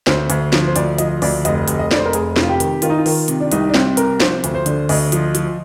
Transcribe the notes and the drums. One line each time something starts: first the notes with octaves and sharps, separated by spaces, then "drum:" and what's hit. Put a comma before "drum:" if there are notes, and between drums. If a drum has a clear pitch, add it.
D2 C5, drum: snare
D2, drum: hi-hat
F3, drum: snare
C5
D2 D5, drum: hi-hat
F3 D#5, drum: hi-hat
D2 D5, drum: open hi-hat
F1 D#5, drum: hi-hat
F1, drum: hi-hat
D#5
F1 D5, drum: snare
C5
A#4
F1 G#4, drum: hi-hat
C3, drum: snare
F4
G4
D#3, drum: hi-hat
D#3 F4, drum: hi-hat
D#4
F4
D#3, drum: open hi-hat
C3, drum: hi-hat
D4
C2 D#4, drum: hi-hat
D4
C2 C4, drum: snare
C3 A#4, drum: hi-hat
F3 C5, drum: snare
D2, drum: hi-hat
C5
D3, drum: hi-hat
D2 D#5, drum: open hi-hat
F3, drum: hi-hat
F3, drum: hi-hat